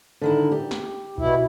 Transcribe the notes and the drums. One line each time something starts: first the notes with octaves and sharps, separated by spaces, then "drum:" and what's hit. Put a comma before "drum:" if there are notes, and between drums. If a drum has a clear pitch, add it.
D3 D#3 E4
G4
drum: snare
B2 E4, drum: kick A#1